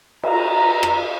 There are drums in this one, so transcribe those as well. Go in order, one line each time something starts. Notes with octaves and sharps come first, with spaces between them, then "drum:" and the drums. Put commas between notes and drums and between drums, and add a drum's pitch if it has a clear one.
A#5, drum: cymbal
drum: rim click